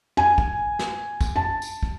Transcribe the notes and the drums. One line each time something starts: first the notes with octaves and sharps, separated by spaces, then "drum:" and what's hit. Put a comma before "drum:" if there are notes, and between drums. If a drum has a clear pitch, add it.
G#5
drum: kick
drum: snare
drum: kick, tambourine
A5
drum: tambourine
drum: kick